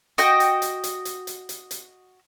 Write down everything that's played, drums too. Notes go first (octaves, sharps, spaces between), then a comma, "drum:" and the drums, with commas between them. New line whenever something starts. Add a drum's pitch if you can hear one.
F#4 D#5 G5, drum: hi-hat
drum: hi-hat
drum: hi-hat
drum: hi-hat
drum: hi-hat
drum: hi-hat
drum: hi-hat
drum: hi-hat